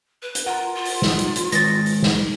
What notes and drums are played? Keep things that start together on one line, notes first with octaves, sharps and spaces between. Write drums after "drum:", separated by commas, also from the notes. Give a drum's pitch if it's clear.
B4
drum: hi-hat
F4 A#4 F#5 A#5
F4
drum: open hi-hat
drum: snare
drum: hi-hat
drum: hi-hat
D#3 G#3 B4 C#5 A6 A#6, drum: hi-hat
drum: open hi-hat
drum: snare